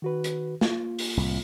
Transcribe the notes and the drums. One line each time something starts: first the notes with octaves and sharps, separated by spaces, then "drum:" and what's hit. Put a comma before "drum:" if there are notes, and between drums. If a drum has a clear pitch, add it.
D#3 F#4 B4
drum: hi-hat
A#3 F4, drum: snare
drum: open hi-hat
C2 A2